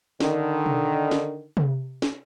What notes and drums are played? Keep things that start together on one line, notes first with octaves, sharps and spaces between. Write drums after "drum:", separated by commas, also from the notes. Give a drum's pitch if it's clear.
D3 D#3, drum: snare
drum: tom B2
drum: snare
drum: tom C3
drum: snare